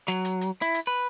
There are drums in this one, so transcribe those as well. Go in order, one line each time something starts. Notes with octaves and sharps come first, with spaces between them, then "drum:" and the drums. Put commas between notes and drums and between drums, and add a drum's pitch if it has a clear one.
F#3, drum: snare
drum: hi-hat
drum: hi-hat
E4
drum: hi-hat
B4